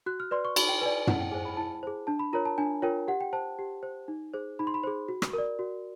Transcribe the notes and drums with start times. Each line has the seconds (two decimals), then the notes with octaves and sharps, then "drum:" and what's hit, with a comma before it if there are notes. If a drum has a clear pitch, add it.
0.06 F#4 F#6
0.20 F6
0.31 B4 D5 C6
0.45 C#6
0.56 F#4 B5, drum: cymbal
0.69 G5
0.81 B4 D5 G#5
1.07 E4 F#5, drum: tom
1.20 G5
1.32 G#4 C5 G#5
1.45 B5
1.57 E4 A5
1.83 G#4 C5
2.07 D4 A5
2.19 B5
2.33 F4 A#4 C#5 A#5
2.45 A5
2.58 D4 G#5
2.82 F4 A#4 C#5 G5
3.08 G4 F#5
3.21 G5
3.33 C5 A5
3.59 G4
3.83 C5
4.08 D#4
4.34 G#4 C5
4.59 D#4 B5
4.67 C6
4.74 B5
4.83 G#4 C5
5.08 F#4
5.22 drum: rim click
5.33 A#4 D5
5.59 F#4